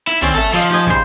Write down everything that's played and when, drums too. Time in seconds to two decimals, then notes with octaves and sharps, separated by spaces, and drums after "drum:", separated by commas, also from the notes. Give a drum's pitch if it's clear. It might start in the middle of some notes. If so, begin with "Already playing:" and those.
0.07 E4
0.22 C4 C#4 D5, drum: tom
0.35 A4 E5
0.53 F3 D5 D#5 F5
0.70 G4 D#5 G#5
0.87 C#3 G3 C5, drum: kick